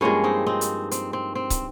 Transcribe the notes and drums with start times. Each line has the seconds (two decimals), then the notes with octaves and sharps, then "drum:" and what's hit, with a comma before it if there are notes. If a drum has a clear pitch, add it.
0.01 G2 F3 G#3 A#3 C#4
0.24 C4 D#4
0.46 C4 D#4
0.61 drum: hi-hat
0.91 C4, drum: hi-hat
1.13 C4
1.35 C4
1.50 drum: kick, hi-hat